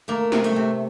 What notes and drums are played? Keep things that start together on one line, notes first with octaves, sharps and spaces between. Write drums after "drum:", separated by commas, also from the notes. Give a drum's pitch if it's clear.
A3 A#3
C3, drum: snare
A3
C3